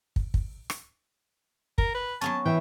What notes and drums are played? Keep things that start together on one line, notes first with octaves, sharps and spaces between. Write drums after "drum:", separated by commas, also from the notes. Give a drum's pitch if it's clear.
drum: kick
drum: kick
drum: rim click
A#4, drum: kick
B4
F#3 B3 C#4 A5
E3 G5